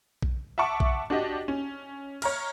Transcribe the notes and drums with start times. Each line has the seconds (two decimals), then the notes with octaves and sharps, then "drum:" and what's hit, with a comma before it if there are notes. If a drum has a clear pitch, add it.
0.22 drum: kick A#1
0.58 E5 F#5 A5 C#6 D6
0.80 drum: kick A#1
1.10 D4 F#4 G4 D#5
1.48 C#4
2.22 C#5 A#5 F6, drum: cymbal